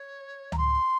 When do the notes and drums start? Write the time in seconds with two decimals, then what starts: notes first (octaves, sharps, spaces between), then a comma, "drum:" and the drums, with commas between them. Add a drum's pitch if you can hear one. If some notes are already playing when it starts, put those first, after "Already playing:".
Already playing: C#5
0.52 A#5, drum: tom C#2
0.58 C6